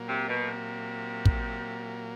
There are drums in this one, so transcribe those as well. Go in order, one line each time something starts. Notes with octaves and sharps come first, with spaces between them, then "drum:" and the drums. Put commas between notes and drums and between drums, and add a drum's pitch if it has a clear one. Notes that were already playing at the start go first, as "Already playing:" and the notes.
Already playing: A#2 F#3 A#3
C3
B2
C3
drum: kick